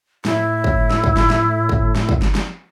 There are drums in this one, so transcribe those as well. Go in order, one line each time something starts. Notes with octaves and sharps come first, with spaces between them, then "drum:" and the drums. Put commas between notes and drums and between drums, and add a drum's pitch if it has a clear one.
A2 E4, drum: snare
drum: kick
drum: snare
drum: kick
drum: snare
drum: snare
drum: kick
drum: snare
drum: kick
drum: snare
drum: snare